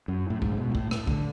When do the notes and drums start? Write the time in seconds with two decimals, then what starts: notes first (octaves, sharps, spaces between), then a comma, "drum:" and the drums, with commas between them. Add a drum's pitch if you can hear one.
0.08 F#2
0.30 A2
0.42 G#2, drum: kick
0.52 C#3
0.57 B2
0.70 G#2
0.75 A2, drum: kick
0.91 A2, drum: rim click
1.07 D3, drum: kick